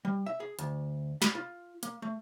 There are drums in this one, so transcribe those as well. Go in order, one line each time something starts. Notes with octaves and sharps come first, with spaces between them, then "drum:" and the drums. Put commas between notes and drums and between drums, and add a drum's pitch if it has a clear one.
G3
E5
G#4
D2, drum: hi-hat
B5, drum: snare
F4
A#3, drum: hi-hat
A3